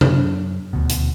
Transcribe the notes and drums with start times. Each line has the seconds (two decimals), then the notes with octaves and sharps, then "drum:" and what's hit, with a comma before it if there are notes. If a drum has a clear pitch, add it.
0.01 F#2, drum: tom
0.73 D#1 D2 B2
0.89 drum: hi-hat